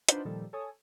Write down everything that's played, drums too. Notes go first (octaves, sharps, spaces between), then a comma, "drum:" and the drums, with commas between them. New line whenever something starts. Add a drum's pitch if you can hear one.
D4 D#4 F4 B4 C5 F#5, drum: hi-hat
A#2 D#3 F3 G3 A4
A4 C#5 G#5 D#6